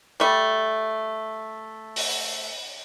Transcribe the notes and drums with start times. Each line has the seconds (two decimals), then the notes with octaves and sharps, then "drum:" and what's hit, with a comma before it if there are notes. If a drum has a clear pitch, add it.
0.20 G3 A3
1.96 drum: open hi-hat